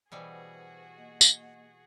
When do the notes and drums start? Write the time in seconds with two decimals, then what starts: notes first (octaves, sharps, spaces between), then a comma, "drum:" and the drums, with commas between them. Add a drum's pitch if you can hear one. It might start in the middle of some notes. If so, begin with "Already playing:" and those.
0.12 B2 E3 G3 F#4 G#4 B4 C5
0.97 A#3 D#5 F#5
1.21 drum: tambourine